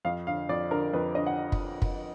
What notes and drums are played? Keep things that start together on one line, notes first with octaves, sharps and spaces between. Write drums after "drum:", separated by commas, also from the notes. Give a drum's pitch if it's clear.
F2 F5
D3 F5
F2 D5
D3 A#4
F2 B4
D3 D#5
F#5
drum: kick
drum: kick